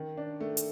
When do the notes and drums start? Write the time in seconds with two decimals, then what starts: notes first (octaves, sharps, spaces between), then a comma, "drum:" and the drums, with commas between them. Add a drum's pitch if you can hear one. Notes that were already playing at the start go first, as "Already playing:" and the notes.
Already playing: D#3
0.17 D4
0.41 A3
0.57 drum: hi-hat